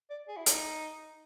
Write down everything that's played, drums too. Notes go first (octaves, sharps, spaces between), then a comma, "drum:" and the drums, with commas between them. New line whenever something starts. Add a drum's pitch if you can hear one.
D5
G#4
E4
D#4, drum: hi-hat